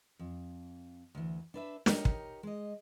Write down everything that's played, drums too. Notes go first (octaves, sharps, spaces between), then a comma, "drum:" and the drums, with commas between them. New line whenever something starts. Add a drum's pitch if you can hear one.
F2
D2 E3
D4 B4 E5
D#4 G4 A#4 C#5, drum: snare
drum: kick
G#3 D#5